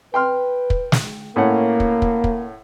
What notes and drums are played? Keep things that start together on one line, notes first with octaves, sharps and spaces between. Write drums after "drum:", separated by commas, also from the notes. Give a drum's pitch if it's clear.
B4 G5 C6 F6
drum: kick
drum: snare
A2 A#3 C#4 F#5
drum: kick
drum: kick
drum: kick